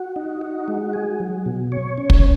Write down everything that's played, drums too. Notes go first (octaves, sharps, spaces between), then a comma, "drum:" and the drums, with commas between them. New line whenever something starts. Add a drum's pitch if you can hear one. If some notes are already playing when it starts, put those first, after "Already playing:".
Already playing: F#4
D#4
F#4
G#3
G#4
F#3
B2
C#5
C#4
drum: kick